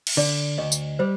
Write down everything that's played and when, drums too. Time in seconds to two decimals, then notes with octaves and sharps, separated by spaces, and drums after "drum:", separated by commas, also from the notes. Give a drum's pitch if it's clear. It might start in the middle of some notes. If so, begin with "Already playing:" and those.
0.07 drum: cymbal
0.17 D3 D5
0.58 D2 D#5
0.72 drum: tambourine
0.99 G3 C5